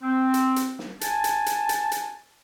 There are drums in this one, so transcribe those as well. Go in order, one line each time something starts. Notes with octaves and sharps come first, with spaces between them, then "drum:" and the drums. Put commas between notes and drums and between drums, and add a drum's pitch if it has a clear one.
C4
drum: hi-hat
drum: hi-hat
drum: snare
G#5 A5, drum: hi-hat
drum: hi-hat
drum: hi-hat
drum: hi-hat
drum: hi-hat